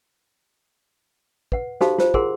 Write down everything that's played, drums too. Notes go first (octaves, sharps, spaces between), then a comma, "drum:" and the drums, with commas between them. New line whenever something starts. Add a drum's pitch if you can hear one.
B4 F#5, drum: kick
D#4 F#4 G4 A4 C5 F5, drum: snare
F4 C5, drum: snare
F4 G#4 A#4 F#5 C6, drum: kick